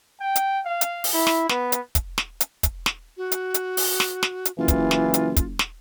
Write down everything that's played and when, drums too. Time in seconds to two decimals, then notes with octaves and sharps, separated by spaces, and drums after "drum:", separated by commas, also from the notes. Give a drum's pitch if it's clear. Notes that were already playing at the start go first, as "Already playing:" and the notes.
0.20 G5
0.36 drum: hi-hat
0.65 F5
0.81 drum: hi-hat
1.04 drum: open hi-hat
1.13 E4
1.27 drum: snare
1.49 B3, drum: snare
1.72 drum: hi-hat
1.95 drum: kick, hi-hat
2.18 drum: snare
2.40 drum: hi-hat
2.63 drum: kick, hi-hat
2.86 drum: snare
3.17 F#4
3.32 drum: hi-hat
3.54 drum: hi-hat
3.77 drum: open hi-hat
4.00 drum: snare
4.23 drum: snare
4.45 drum: hi-hat
4.58 F#1 E3 F4
4.68 drum: kick, hi-hat
4.91 drum: snare
5.14 drum: hi-hat
5.36 drum: kick, hi-hat
5.59 drum: snare